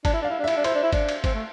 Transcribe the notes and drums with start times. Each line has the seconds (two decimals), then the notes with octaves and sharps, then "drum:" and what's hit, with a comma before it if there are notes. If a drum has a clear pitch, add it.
0.05 D4 A5, drum: kick G1, cymbal
0.13 E4
0.22 D4 F5
0.30 E4
0.39 D4
0.44 E5
0.48 E4, drum: cymbal
0.57 D4
0.64 E4 C5, drum: cymbal
0.75 D4
0.83 E4
0.92 D4, drum: kick G1, cymbal
1.09 drum: cymbal
1.24 C4, drum: kick G1, cymbal
1.35 A3